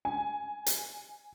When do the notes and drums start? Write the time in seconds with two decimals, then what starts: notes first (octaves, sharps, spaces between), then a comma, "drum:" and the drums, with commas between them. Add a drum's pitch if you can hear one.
0.05 G#5
0.66 drum: hi-hat